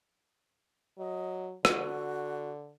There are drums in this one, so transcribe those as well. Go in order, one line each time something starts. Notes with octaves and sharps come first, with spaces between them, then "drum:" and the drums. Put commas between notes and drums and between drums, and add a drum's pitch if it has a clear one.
F#3 D#5
D3 F#4, drum: rim click